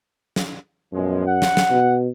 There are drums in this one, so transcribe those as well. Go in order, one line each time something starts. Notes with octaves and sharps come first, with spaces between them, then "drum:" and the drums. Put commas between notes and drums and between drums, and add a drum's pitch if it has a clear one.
drum: snare
F#2 B2 F3 G#3
F#5
drum: snare
drum: snare
B2